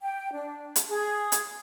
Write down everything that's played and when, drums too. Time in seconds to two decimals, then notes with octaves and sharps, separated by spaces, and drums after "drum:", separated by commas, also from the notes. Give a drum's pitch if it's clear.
0.01 G5
0.32 D4
0.76 drum: hi-hat
0.89 G#4
1.32 drum: hi-hat